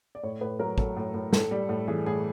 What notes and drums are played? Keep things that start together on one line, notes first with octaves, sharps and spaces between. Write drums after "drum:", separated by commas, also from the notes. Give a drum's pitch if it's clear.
D5
A2 C#5
A2 B4
F#3 A#4
F#3 A4, drum: kick
A2
A2
A2 A4, drum: snare
G3
A2
E3 G#4
A2 G#4